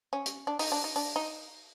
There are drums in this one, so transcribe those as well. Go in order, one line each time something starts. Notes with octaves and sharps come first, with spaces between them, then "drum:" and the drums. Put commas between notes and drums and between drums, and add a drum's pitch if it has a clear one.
C#4
drum: hi-hat
D4
D#4, drum: open hi-hat
D4
D#4
D4, drum: open hi-hat
D#4